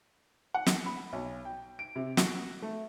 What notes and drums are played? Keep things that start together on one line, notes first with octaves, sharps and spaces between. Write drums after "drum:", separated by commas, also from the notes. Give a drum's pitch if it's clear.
F#5
drum: snare
B5
B1
G5
D7
C3
F#4, drum: snare
A3